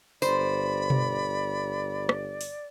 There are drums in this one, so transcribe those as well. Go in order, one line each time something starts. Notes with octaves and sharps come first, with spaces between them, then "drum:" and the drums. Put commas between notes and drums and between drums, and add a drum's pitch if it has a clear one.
G1 C5 D5 B5, drum: tambourine
drum: tom B2
drum: rim click
drum: open hi-hat